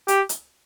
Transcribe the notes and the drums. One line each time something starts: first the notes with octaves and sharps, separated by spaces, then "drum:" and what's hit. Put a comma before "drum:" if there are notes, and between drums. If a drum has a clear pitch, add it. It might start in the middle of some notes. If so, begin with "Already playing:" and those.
G4, drum: hi-hat
drum: hi-hat